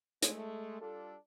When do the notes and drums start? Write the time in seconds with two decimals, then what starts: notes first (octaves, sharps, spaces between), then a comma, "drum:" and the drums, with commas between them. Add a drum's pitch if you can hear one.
0.22 G#3 A3, drum: hi-hat
0.81 G3 D4 F4 A4